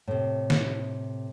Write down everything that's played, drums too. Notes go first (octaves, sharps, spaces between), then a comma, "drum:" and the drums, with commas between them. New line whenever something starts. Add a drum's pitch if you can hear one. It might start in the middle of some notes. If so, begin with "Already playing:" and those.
A2 C3
drum: snare